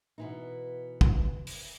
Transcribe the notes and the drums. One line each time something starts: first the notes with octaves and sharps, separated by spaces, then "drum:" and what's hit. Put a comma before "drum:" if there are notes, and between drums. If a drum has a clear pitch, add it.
B2 E3 D#4
drum: kick
drum: open hi-hat